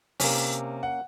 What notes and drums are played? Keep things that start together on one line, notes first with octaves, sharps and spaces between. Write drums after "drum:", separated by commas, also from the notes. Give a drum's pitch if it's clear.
C3 A#3 C#4, drum: open hi-hat
F#5